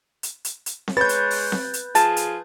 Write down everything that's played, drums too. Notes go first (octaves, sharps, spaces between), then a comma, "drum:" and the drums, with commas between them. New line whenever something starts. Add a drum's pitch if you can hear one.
drum: hi-hat
drum: hi-hat
drum: hi-hat
drum: snare C4
G#3 B4 C#5 G6 A6
drum: hi-hat
drum: open hi-hat
drum: snare C4
drum: hi-hat
F3 F4 G#4 A5, drum: hi-hat
drum: hi-hat